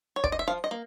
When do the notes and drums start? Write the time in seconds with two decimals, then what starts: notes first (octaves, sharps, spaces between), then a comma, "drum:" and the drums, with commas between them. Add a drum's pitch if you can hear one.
0.16 C#5
0.24 D5, drum: kick
0.32 D#5
0.39 E5
0.48 F3 F5
0.64 D#5
0.71 A#3